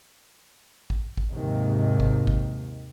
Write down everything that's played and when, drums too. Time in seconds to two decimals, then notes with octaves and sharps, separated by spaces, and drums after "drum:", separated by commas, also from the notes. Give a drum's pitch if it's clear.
0.90 drum: kick A1
1.17 drum: kick A1
1.31 D#2 G#2 C3 D#3
2.00 drum: kick A1
2.27 drum: kick A1